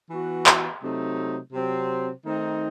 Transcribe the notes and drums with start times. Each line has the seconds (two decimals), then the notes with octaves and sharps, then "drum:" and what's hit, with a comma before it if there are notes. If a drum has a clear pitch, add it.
0.10 E3 B3 F#4
0.46 drum: clap
0.82 C3 F#3 A3 C4 D#4
1.53 C3 F#3 C4
2.25 D#3 A3 C4 D#4